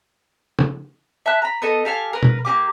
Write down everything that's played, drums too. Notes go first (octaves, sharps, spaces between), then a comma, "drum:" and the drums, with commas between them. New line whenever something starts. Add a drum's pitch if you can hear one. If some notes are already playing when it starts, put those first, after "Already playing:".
drum: tom
E5 A5 B5 F#6
A#5 B5
B3 A4 D#5
G4 A4 F5 G#5
A#4 B4
drum: tom
A#3 C#4 G4 D6